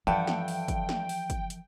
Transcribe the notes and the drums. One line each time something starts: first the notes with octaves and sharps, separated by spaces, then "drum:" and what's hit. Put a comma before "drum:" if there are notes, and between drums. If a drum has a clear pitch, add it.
G2 E3 F3 A4 E5 F#5 G5
drum: snare
drum: open hi-hat
drum: kick, hi-hat
drum: snare
drum: open hi-hat
drum: kick, hi-hat
drum: hi-hat